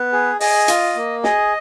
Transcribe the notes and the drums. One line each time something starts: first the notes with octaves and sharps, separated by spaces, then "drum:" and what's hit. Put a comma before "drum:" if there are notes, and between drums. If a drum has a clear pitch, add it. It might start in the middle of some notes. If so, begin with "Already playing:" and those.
Already playing: B3 B4
G#4
G#4 D#5, drum: open hi-hat
F4, drum: hi-hat
A#3
G#4 D#5, drum: snare